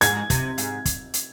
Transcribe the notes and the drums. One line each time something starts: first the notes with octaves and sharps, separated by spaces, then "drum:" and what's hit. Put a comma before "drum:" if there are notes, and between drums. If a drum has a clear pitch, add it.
G#2 G#6, drum: hi-hat
C3, drum: kick, hi-hat
G#2, drum: hi-hat
drum: kick, hi-hat
drum: hi-hat